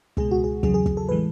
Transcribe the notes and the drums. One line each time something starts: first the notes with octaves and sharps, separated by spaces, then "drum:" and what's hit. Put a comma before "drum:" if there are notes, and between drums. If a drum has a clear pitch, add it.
C#2 B2 G#3 G#4, drum: kick
F#4
G#4
E2 C#3 F#3 G#4, drum: kick
G#4
G#4, drum: kick
A4
A2 E3 G#3 B4